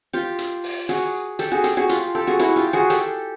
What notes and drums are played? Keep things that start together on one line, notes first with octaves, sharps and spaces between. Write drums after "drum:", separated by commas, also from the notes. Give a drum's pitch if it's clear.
F4 G4
drum: hi-hat
drum: open hi-hat
F#4 G#4, drum: hi-hat
G4 A4, drum: hi-hat
F#4 G#4
G4 A4, drum: hi-hat
F#4 G#4
F4 G4, drum: hi-hat
G4 A4
F#4 G#4
E4 F#4, drum: hi-hat
F4 G4
F#4 G#4
G4 A4, drum: hi-hat